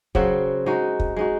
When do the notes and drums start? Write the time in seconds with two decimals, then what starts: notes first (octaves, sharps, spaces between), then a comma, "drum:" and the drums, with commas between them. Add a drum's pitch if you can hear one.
0.15 C#3 F#3 C4 F#4, drum: kick
0.66 G#3 D#4 F#4
1.00 drum: kick
1.16 G#3 D#4 F#4